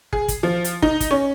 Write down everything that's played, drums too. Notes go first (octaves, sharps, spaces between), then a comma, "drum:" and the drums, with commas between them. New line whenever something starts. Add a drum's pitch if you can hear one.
G#4, drum: kick
drum: kick, hi-hat
F3
drum: hi-hat
D#4, drum: kick
drum: kick, hi-hat
C#4